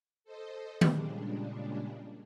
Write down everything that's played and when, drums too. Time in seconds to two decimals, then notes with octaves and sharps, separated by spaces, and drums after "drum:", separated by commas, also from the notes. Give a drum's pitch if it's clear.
0.24 A4 C5 D#5
0.81 A#2 C#3 G3 G#3 D4, drum: tom D#3